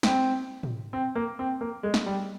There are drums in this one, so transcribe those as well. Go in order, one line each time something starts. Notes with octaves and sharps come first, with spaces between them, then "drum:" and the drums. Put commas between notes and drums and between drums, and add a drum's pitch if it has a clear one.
C4, drum: snare
drum: tom
C4
A#3
C4
A#3
G#3
drum: snare
G3